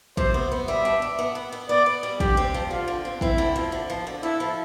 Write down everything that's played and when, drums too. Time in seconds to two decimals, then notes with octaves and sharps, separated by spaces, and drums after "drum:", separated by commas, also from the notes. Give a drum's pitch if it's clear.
0.17 C3 C5, drum: kick
0.34 B3
0.52 B3
0.68 G3 E5
0.85 D4
1.02 D4
1.19 B3
1.35 B3
1.52 B3
1.69 B3 D5
1.86 B3
2.03 G3
2.20 D3 G4, drum: kick
2.37 C4
2.54 F3
2.71 D3 F4
2.88 D3
3.05 C4
3.21 C4 E4, drum: kick
3.38 D3
3.56 F3
3.72 D3
3.90 F3
4.07 D3
4.23 E4 A4
4.40 F3